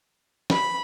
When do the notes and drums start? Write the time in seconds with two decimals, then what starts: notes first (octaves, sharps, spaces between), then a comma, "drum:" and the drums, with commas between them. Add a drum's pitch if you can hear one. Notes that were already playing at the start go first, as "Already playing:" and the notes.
0.50 B5, drum: snare